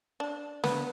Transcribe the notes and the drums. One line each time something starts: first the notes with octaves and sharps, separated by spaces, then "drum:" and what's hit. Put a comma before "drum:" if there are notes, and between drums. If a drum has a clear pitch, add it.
D4
B3, drum: snare